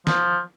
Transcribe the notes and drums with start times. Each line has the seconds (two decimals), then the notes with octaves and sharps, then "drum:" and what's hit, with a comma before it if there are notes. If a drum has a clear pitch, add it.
0.07 F3, drum: snare